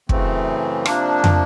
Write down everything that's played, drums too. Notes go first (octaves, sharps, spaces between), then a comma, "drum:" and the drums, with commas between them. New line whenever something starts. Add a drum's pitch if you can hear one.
F#2 C#3 E3 A3 C4, drum: kick
C3 F3 A#3 D4, drum: rim click
drum: tom